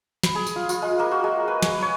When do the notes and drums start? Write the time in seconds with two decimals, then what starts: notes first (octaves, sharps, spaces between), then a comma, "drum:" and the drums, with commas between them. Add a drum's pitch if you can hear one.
0.23 B5, drum: snare
0.35 G#4
0.47 drum: tambourine
0.56 F4
0.69 F4, drum: tambourine
0.82 G#3
0.99 A#3
1.11 F#4
1.24 G#3
1.48 B4
1.62 G#5, drum: snare
1.82 C#5